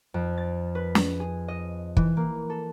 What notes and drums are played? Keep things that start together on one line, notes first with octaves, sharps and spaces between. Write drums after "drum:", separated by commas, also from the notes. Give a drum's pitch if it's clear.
F2
A6
B4
drum: snare
G#4
D#5
E3, drum: kick
A#3
A4